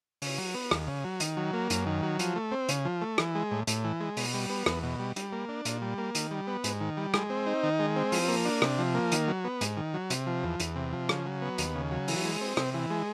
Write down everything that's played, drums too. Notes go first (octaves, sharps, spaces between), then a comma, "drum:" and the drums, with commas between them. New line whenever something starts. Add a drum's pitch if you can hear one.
C#3, drum: open hi-hat
F#3
B3
D#2, drum: rim click
C#3
F#3
D#3, drum: hi-hat
F#3
A#3
F#2, drum: hi-hat
D#3
F#3
F3, drum: hi-hat
A3
C4
C#3, drum: hi-hat
F3
A3
E3, drum: rim click
G#3
A2
A2, drum: hi-hat
E3
G#3
B2, drum: open hi-hat
G3
B3
E2, drum: rim click
B2
G3
G3, drum: hi-hat
A#3
D4
A#2, drum: hi-hat
G3
A#3
D#3, drum: hi-hat
G3
B3
G#2, drum: hi-hat
D#3
G3
G#3, drum: rim click
C4
D#4
D#3
G#3
C4
F3, drum: open hi-hat
A#3
D4
C3, drum: rim click
F3
A#3
D#3, drum: hi-hat
F#3
B3
G#2, drum: hi-hat
D#3
F#3
C3, drum: hi-hat
F3
E2
E2, drum: hi-hat
C3
F3
C#3, drum: rim click
F#3
B3
D#2, drum: hi-hat
C#3
F#3
E3, drum: open hi-hat
G#3
C4
C3, drum: rim click
E3
G#3